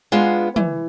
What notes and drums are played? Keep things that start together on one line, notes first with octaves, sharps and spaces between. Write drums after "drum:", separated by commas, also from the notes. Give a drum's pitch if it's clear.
G#3 B3 D4 F4
E3, drum: tom